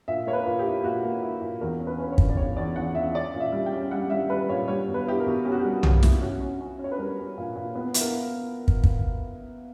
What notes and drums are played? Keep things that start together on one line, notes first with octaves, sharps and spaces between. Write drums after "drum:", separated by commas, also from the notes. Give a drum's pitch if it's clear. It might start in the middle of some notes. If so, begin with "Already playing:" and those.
A#2 E5
A#3 C#5
B4
A#2
G4
E4
A#2 F#4
A#3
E4
A#2
E2 A#4
C#4
B4
C#4 B4
C#5
E2, drum: kick
D5
C#3 C#5
E2 D5
E2 F#5
C#3 E5
C#4 D5
A#2
E5
G3
G5
C#4
G3 F#5
G3 E5
G3 B4
A#2 C#5
G3 C#5
B2
B4
E4 G4
A#4
B2
C#4 G4
F#4
G4
G3
C#4 F#4, drum: tom B1
E4, drum: snare
C#4 F#4
C#4
C#4
C#4
C#5
B4
G3 A#4
C#4
A#2
A#2
B3
E4, drum: hi-hat
A#4
drum: kick
drum: kick